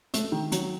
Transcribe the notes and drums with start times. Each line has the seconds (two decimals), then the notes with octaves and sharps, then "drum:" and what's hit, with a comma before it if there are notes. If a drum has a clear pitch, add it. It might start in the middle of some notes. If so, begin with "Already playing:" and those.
0.14 A3, drum: hi-hat
0.32 D#3
0.52 F#3, drum: hi-hat